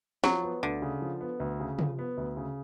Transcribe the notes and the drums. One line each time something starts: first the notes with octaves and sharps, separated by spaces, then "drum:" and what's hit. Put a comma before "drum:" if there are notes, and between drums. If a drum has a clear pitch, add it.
F3 F#3, drum: snare
B3
D2 D3
C#3
F3
B3
D2
C#3
F3, drum: tom
B3
D2
C#3